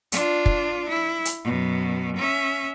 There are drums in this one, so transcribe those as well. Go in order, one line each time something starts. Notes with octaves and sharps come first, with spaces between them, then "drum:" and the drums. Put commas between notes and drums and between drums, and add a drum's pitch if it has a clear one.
D4 F4, drum: hi-hat
drum: kick
E4
drum: hi-hat
F#2 B2
C#4 E5